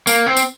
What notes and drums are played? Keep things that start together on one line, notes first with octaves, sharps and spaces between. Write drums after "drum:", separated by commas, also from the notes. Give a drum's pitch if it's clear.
A#3, drum: tambourine
C4
drum: tambourine